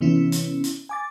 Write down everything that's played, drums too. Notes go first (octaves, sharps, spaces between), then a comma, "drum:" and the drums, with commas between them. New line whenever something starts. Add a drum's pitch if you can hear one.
C3 E3 B3 C#4 E4
drum: hi-hat
drum: hi-hat
G#5 D6 A6